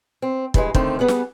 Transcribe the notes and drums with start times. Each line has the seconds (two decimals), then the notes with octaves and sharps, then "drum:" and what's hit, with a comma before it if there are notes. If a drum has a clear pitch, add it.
0.22 C4
0.54 G2 E3 G3 G#3, drum: kick
0.74 D3 D#3 A3 C4, drum: kick
0.99 G3 B3 G#4 F#5
1.08 drum: snare